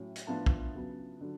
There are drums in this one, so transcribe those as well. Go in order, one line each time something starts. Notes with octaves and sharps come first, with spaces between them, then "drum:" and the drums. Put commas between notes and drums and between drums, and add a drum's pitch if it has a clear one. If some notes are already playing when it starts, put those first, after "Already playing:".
Already playing: A2 F#3 C#4
drum: hi-hat
A2 F3 B3 D4 F4 A5
drum: kick A#1
C#3 F#3 B3
D3 F#3